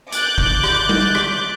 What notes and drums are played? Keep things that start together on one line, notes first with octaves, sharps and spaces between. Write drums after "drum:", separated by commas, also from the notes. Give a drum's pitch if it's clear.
D6 F#6 G6 A6, drum: hi-hat
drum: kick
drum: rim click
drum: tom G3
drum: rim click